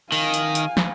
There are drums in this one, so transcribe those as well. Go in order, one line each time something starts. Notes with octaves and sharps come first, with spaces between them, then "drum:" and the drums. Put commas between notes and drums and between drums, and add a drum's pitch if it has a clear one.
D#3 F5 G#5, drum: open hi-hat
drum: hi-hat
drum: hi-hat
drum: snare